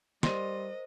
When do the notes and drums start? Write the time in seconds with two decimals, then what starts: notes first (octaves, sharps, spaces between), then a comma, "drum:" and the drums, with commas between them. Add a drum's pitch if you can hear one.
0.23 G3 A#4 C5 D#5 C6 D#7, drum: snare